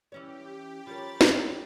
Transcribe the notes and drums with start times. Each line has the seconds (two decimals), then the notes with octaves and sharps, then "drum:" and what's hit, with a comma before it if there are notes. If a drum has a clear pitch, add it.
0.12 E3 C#4 G4 C#5
0.87 F3 C#4 A#4 C#5 B5 A6
1.21 drum: snare